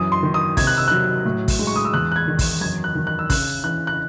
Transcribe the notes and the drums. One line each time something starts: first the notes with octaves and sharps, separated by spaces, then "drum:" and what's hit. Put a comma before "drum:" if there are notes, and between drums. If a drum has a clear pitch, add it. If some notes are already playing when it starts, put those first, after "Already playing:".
Already playing: F#2 E3 D#6
C6
D#3
D#6
C3 G#6, drum: kick, open hi-hat
F#6
E6
F#3 F#6
A2
drum: kick, open hi-hat
G#3
C#6
D#6
E6
E2 F#6
F#6
G#6
D#3
drum: kick, open hi-hat
F#2 G#6
F#6
D#3
F#6
E6
C#3 F#6, drum: kick, open hi-hat
E3 F#6
F#6